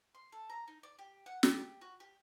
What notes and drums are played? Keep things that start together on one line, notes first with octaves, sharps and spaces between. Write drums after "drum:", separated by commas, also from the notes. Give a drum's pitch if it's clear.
C6
A4
A#5
D#4
D5
G4
F#5
G4, drum: snare
F#4
G4